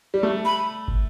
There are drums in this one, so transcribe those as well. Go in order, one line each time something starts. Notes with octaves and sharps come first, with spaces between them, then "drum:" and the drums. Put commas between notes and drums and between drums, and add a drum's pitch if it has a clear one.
G3
A3
B5
drum: kick